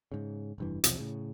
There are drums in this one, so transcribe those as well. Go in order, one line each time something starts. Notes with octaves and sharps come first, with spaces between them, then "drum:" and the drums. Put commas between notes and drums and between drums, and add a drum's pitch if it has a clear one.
G#2 C#3
F1 G2 E3
B1 E2 C3 F3, drum: hi-hat
A2 C#3